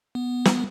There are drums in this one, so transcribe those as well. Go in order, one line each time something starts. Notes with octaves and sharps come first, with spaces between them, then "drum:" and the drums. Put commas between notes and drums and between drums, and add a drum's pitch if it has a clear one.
B3
drum: snare